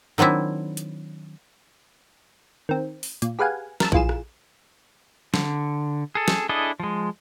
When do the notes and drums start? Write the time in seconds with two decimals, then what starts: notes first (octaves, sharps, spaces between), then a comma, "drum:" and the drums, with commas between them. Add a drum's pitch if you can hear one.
0.18 D#3 F#3 C4 D4 E4
0.77 drum: hi-hat
2.69 D#3 C4
3.03 drum: open hi-hat
3.22 A#2, drum: hi-hat
3.39 G4 G#4 B4 F5 F#5 G#5
3.80 A#4 A5 E6, drum: snare
3.92 A#1 E3 F4 G#4 E7, drum: kick A#1
4.09 drum: rim click
5.34 D3, drum: snare
6.15 G#4 A4
6.28 drum: snare
6.49 D4 E4 G#4 A4 D#5
6.80 F3 G#3